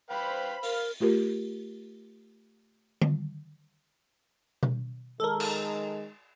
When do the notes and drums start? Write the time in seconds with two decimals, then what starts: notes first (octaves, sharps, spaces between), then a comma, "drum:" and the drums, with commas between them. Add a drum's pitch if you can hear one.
0.10 B4 C5 F5 G5 B5
0.63 A#4 F5, drum: open hi-hat
1.00 A3 F4 G4 A#4
3.02 drum: tom D3
4.63 drum: tom B2
5.20 D#3 G#3 A4 A#4
5.40 drum: cymbal